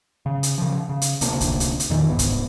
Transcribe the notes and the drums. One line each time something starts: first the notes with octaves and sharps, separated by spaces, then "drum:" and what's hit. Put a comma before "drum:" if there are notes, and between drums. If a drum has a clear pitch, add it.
C#3
drum: hi-hat
C#3 F3
C#3
drum: hi-hat
D2 C3 A#3 D4, drum: hi-hat
drum: kick C2, hi-hat
drum: hi-hat
drum: hi-hat
E2 A#2 D#3 E3
C2 G#2 B3
drum: kick C2, hi-hat